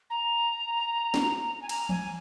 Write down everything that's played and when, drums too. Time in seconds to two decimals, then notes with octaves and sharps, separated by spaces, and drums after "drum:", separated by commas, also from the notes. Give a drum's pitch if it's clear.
0.10 A#5
1.14 drum: snare
1.62 G#5
1.69 A#5, drum: cymbal
1.89 G#5, drum: tom E3